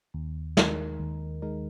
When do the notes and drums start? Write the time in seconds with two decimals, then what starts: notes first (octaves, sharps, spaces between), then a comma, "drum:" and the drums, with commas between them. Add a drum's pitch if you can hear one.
0.14 D#2
0.57 D#3 G#3 D#4 A#4, drum: snare
1.00 D#2
1.42 D#3 G#3 D#4 A#4